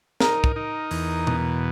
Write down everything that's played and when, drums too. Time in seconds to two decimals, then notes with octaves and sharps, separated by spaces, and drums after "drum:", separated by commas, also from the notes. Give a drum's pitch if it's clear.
0.20 D#4 A#4, drum: snare
0.44 drum: kick
0.56 D#4
0.91 E2, drum: open hi-hat
1.27 B2, drum: tom B2